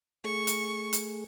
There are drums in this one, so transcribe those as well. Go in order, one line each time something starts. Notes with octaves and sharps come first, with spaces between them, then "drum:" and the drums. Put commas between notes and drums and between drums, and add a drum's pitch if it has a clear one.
A3 G#4 C#6
drum: hi-hat
drum: hi-hat